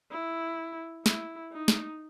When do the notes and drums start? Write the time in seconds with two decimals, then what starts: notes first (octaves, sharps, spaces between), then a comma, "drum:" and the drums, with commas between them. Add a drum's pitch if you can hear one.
0.11 E4
1.06 E4, drum: snare
1.52 D#4
1.68 drum: snare